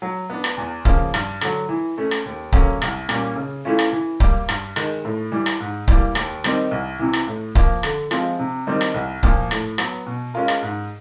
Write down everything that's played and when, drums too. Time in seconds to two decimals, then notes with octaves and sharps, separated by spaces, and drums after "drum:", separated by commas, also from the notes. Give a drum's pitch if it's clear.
0.02 F#3
0.30 B3 D4
0.44 drum: rim click
0.57 E2
0.85 C#3 F3 A#3, drum: kick C#1
1.14 G2, drum: rim click
1.41 D3 F#3, drum: rim click
1.69 E3
1.98 A3 C#4
2.11 drum: rim click
2.25 D#2
2.52 D3 F#3 A#3 C#4, drum: kick C#1
2.82 C2, drum: rim click
3.09 A#2 G3 A#3 C#4, drum: rim click
3.36 C#3
3.65 E3 A3 C#4 F4
3.79 drum: rim click
3.93 E3
4.20 G3 A#3, drum: kick C#1
4.49 G2, drum: rim click
4.76 D#3 G#3, drum: rim click
5.05 A2
5.32 E3 G3
5.46 drum: rim click
5.60 G#2
5.88 E3 G3 A#3, drum: kick C#1
6.15 D#2, drum: rim click
6.44 D#3 G3 C4 D#4, drum: rim click
6.71 C2
6.99 C3 E3
7.13 drum: rim click
7.27 A2
7.55 F3 A#3, drum: kick C#1
7.83 D3, drum: rim click
8.11 F3 G#3 C4 F4, drum: rim click
8.39 C3
8.67 D#3 G3 C4 D#4
8.81 drum: rim click
8.94 C2
9.23 A#2 F3 A#3, drum: kick C#1
9.51 A2, drum: rim click
9.78 F#3 B3, drum: rim click
10.06 B2
10.34 G#3 C#4 F4 A#4
10.48 drum: rim click
10.62 G#2